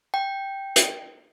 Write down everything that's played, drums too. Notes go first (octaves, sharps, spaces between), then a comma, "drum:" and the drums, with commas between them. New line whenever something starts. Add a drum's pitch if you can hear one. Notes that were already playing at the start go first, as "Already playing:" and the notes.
G5
drum: hi-hat